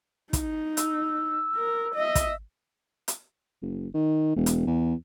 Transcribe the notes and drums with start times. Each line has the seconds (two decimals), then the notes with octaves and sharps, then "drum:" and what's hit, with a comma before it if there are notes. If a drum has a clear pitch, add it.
0.33 D#4, drum: kick, hi-hat
0.77 E6, drum: hi-hat
1.56 A#4
1.95 D#5 E5
2.15 drum: kick, hi-hat
3.08 drum: hi-hat
3.62 F#1
3.94 D#3
4.36 E1
4.46 drum: hi-hat
4.67 E2